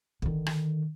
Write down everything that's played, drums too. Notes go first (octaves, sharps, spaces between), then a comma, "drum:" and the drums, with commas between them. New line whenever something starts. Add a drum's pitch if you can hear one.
D3 D#3, drum: kick
drum: rim click